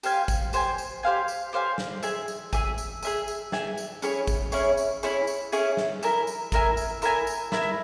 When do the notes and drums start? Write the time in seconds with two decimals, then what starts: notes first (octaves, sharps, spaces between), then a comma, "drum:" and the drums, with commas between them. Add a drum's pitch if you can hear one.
0.03 G4 C5 F5 G#5, drum: tambourine
0.28 drum: kick G#1, tambourine
0.53 G4 C5 F5 G#5, drum: tambourine
0.78 drum: tambourine
1.03 G4 C5 F5 G#5
1.28 drum: tambourine
1.53 G4 C5 F5 G#5
1.78 drum: snare
2.03 G#4 E5 G#5, drum: tambourine
2.28 drum: tambourine
2.53 G#4 E5 G#5, drum: kick G#1, tambourine
2.78 drum: tambourine
3.03 G#4 E5 G#5, drum: tambourine
3.28 drum: tambourine
3.52 G#4 E5 G#5, drum: snare
3.78 drum: tambourine
4.02 C#4 E4 G#4 C#5, drum: tambourine
4.27 drum: kick G#1, tambourine
4.52 C#4 E4 G#4 C#5, drum: tambourine
4.77 drum: tambourine
5.03 C#4 E4 G#4 C#5, drum: tambourine
5.27 drum: tambourine
5.52 C#4 E4 G#4 C#5, drum: tambourine
5.77 drum: snare
6.03 E4 A#4 E5 G#5, drum: tambourine
6.27 drum: tambourine
6.52 E4 A#4 E5 G#5, drum: kick G#1, tambourine
6.77 drum: tambourine
7.02 E4 A#4 E5 G#5, drum: tambourine
7.27 drum: tambourine
7.52 E4 A#4 E5 G#5, drum: snare